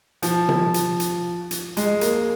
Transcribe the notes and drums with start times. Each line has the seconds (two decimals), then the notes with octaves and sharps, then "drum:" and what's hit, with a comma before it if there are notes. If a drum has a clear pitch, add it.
0.22 F3, drum: hi-hat
0.49 drum: tom C3
0.74 drum: hi-hat
1.00 drum: hi-hat
1.51 drum: hi-hat
1.77 G#3, drum: hi-hat
2.01 A#3, drum: hi-hat